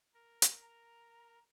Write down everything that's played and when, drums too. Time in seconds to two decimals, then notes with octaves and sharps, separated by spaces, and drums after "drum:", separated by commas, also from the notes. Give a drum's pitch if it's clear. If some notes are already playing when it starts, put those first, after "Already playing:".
0.14 A#4
0.42 drum: hi-hat
0.62 A#5